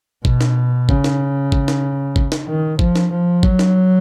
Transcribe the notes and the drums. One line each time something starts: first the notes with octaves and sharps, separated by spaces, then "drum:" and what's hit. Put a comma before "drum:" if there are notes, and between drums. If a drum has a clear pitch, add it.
B2, drum: kick
drum: snare
C#3, drum: kick
drum: snare
drum: kick
drum: snare
drum: kick
drum: snare
D#3
F3, drum: kick
drum: snare
F3
F#3, drum: kick
drum: snare